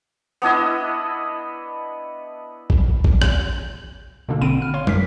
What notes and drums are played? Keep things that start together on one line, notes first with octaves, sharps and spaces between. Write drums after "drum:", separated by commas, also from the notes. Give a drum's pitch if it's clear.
B3 D4 E4 D#5
drum: kick
drum: kick
drum: rim click
B2 D3 A#3 D4 A4
A1 D3 C4 B5 D7 D#7
F6
C#5 F5 C6
F#2 A#4 B6, drum: tom